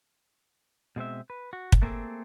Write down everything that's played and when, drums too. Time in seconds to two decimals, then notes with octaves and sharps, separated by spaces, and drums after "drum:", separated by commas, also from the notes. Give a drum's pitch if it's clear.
0.96 B2 G#3 C4 E5
1.30 B4
1.53 F#4
1.72 drum: kick
1.82 A3 A#3 C4 G#4 A4